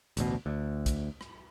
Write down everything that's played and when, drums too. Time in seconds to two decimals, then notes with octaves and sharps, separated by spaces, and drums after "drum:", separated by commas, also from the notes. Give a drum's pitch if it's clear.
0.17 A1 D2 B2, drum: hi-hat
0.46 D2
0.86 drum: kick, hi-hat
1.21 drum: rim click